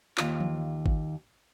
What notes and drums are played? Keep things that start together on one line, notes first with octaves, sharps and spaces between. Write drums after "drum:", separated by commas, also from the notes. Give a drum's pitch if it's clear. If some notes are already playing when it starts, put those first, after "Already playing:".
D#2 F4, drum: clap
drum: tom E3
drum: kick G#1